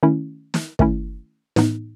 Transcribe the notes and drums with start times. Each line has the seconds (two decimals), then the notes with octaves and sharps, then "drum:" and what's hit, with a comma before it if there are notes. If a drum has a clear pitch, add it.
0.03 D#3 A3 C#4 E4
0.54 drum: snare
0.79 D#3 A3 C#4 E4, drum: kick
1.56 A2 E3 B3 D#4, drum: snare